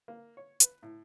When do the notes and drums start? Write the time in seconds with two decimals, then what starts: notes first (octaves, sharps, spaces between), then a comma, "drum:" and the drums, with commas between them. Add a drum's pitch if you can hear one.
0.08 A#3
0.37 C#5
0.60 B4, drum: hi-hat
0.83 A2